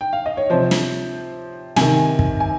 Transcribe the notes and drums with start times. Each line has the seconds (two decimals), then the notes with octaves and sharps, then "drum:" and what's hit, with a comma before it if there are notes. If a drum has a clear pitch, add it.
0.01 G5
0.13 F5
0.26 D#5
0.37 C#5
0.50 C3 F3 C5
0.71 drum: snare
1.76 C3 D#3 G#5, drum: snare
2.19 drum: kick
2.40 G#5